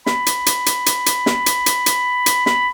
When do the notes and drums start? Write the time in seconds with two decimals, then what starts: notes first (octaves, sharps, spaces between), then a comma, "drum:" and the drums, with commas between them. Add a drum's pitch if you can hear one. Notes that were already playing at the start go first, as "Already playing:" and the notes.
0.06 B5, drum: snare
0.26 drum: hi-hat
0.46 drum: hi-hat
0.66 drum: hi-hat
0.86 drum: hi-hat
1.06 drum: hi-hat
1.26 drum: snare
1.46 drum: hi-hat
1.66 drum: hi-hat
1.86 drum: hi-hat
2.26 drum: hi-hat
2.46 B5, drum: snare